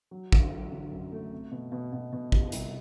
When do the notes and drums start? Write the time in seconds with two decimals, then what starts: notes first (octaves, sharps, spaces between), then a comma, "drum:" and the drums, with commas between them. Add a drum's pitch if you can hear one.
0.11 F#3
0.32 D3, drum: kick
0.53 F#3
0.72 D3
0.92 F#2
1.12 A3
1.32 C4
1.52 B2
1.72 B2
1.93 B2
2.13 B2
2.32 G4, drum: kick
2.52 C2, drum: hi-hat